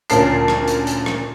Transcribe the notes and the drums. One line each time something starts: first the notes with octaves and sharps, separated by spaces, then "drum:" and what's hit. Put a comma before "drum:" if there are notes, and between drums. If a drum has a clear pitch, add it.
D2 A#2 C#4 A#4 A5 C7, drum: hi-hat
drum: rim click
drum: hi-hat
drum: hi-hat
drum: rim click